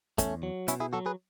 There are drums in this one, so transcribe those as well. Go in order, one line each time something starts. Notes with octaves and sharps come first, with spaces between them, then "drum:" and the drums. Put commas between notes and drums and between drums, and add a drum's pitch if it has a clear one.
E2 A3 C#4, drum: kick, hi-hat
F#3
B2 C#4 E4, drum: hi-hat
E4 G#4
F#3 F#4 A4
G#4 B4